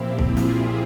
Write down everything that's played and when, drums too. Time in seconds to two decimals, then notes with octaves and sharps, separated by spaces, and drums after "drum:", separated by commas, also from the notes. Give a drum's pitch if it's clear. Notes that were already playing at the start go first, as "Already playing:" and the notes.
Already playing: A#2 F3 C4 E4 G4
0.19 drum: kick
0.37 F4 G#4, drum: snare